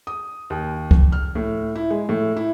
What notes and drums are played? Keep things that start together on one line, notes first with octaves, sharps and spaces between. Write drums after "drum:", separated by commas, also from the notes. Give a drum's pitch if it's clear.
D#6
D#2
drum: kick C#2
F6
A2
E4
G#3
A2
E4